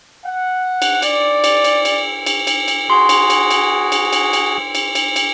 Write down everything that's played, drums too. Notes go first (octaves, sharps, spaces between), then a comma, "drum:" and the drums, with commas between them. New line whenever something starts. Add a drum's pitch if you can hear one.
F#5
drum: cymbal
D5, drum: cymbal
drum: cymbal
drum: cymbal
drum: cymbal
drum: cymbal
drum: cymbal
drum: cymbal
F#4 G#4 C6
drum: cymbal
drum: cymbal
drum: cymbal
drum: cymbal
drum: cymbal
drum: cymbal
drum: cymbal
drum: cymbal
drum: cymbal